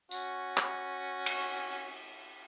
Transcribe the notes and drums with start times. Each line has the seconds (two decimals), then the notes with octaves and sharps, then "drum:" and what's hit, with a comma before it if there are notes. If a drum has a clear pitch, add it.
0.11 C#4 F#4, drum: tambourine
0.57 drum: clap
1.26 drum: cymbal